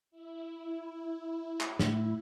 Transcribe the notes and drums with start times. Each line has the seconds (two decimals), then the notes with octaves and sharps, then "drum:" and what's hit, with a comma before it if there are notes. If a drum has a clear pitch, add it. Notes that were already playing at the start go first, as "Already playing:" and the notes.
0.11 E4
1.61 drum: clap
1.79 A2, drum: snare